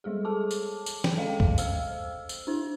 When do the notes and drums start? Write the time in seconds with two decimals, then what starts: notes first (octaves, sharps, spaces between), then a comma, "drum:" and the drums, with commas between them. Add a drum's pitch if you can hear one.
0.04 G3 G#3 G#4 A4
0.25 G#4 A4 A5 D6
0.51 drum: tambourine
0.86 drum: tambourine
1.04 drum: snare
1.17 G#3 C#4 A4 D#5 F5 G5
1.40 drum: kick C#2
1.58 C5 F5 E6 F6, drum: tambourine
2.29 drum: tambourine
2.47 D4 E4 C5